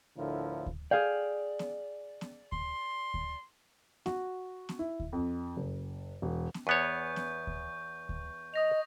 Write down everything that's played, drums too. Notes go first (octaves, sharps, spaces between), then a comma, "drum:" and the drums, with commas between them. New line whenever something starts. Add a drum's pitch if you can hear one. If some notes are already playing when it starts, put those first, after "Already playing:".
D2 A2 D3 F3 E4 A#4
drum: kick D2
G#4 D5 F5 G5
drum: snare B3
drum: snare B3
C6, drum: kick D2
drum: kick D2
F#4, drum: snare B3
drum: snare B3
E4
drum: kick D2
F2
F#1
E1
drum: snare B3
E2 B3 C#5 C#6 G6
drum: snare B3
drum: kick D2
drum: kick D2
D#5 D#6 A#6 F7